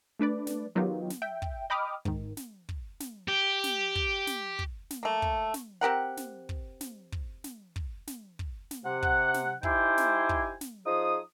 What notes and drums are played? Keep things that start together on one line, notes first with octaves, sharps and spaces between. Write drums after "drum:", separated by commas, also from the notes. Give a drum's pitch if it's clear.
A3 D4 B4 D5
drum: snare
D#3 F#3 B3 D#4 F4 G4
drum: snare
E5 G5
drum: kick
D#5 G5 B5 D6 D#6 F6
G#2 D#3, drum: kick
drum: snare
drum: kick
drum: snare
G4
drum: snare
drum: kick
drum: snare
drum: kick
drum: snare
A3 A#3
drum: kick
drum: snare
C4 G4 A#4 F#5
drum: snare
drum: kick
drum: snare
drum: kick
drum: snare
drum: kick
drum: snare
drum: kick
drum: snare
C3 F#5
drum: kick
drum: snare
D#4 E4 G4 C5 G5 G#5, drum: kick
drum: snare
drum: kick
drum: snare
F3 D#4 G#4 D#6